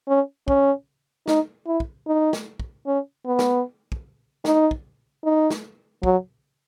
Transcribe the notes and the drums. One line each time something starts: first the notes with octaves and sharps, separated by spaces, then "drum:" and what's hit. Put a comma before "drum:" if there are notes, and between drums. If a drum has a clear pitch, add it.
C#4
C#4, drum: kick
D#4, drum: snare
E4
drum: kick
D#4
drum: snare
drum: kick
C#4
B3
drum: snare
drum: kick
D#4, drum: snare
drum: kick
D#4
drum: snare
F#3, drum: kick